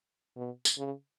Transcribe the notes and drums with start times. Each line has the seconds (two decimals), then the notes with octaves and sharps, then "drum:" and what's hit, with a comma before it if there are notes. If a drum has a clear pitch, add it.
0.37 B2
0.65 drum: tambourine
0.78 C#3